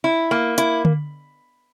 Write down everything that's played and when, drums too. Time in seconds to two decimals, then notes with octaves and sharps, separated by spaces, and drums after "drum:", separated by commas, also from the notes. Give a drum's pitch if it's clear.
0.04 E4
0.31 A#3
0.58 E4, drum: hi-hat
0.85 drum: tom D3